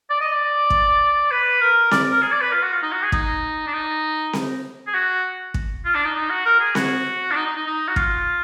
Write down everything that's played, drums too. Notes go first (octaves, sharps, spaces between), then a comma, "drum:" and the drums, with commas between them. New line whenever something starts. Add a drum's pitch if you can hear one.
D5
D#5
D5
drum: kick
B4
A#4
D5, drum: snare C4
A#4
G#4
D5
B4
F4
F#4
F4
D#4
F#4
G#4
D#4, drum: kick
D4
D#4
drum: snare C4
G#4
F#4
drum: kick
F4
D4
D#4
D#4
F#4
A#4
G#4
F#4, drum: snare C4
D4
D#4
D#4
D#4
D#4
F#4
F4, drum: kick